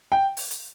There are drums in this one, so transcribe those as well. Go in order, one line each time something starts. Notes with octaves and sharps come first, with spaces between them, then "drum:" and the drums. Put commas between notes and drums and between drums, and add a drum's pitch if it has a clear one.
G5
drum: open hi-hat
drum: hi-hat